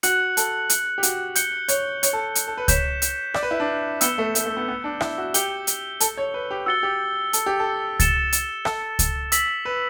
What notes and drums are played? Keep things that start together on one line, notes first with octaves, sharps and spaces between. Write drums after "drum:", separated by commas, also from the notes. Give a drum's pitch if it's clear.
F#4 F#6 C#7 F#7, drum: hi-hat
A4, drum: hi-hat
drum: hi-hat
G4
F#4, drum: hi-hat
G6 C#7 G7, drum: hi-hat
C#5, drum: hi-hat
C#5, drum: hi-hat
A4
drum: hi-hat
A4
B4
C#5 G6 B6 E7, drum: kick C#2, hi-hat
drum: hi-hat
D5, drum: rim click
B4
E4
D4
B3 E6 G6 C#7 E7 G7, drum: hi-hat
A3
A3, drum: hi-hat
A3
B3
B3
D4
E4, drum: rim click
F#4
G4 G6 C#7 G7, drum: hi-hat
drum: hi-hat
A4, drum: hi-hat
C#5
B4
G4
F#4 E6 A6 C#7 G7
G4
A4, drum: hi-hat
G4
A4
A6 C#7 E7 G7, drum: kick C#2, hi-hat
drum: hi-hat
A4, drum: rim click
drum: kick C#2, hi-hat
E6 B6 F#7, drum: hi-hat
B4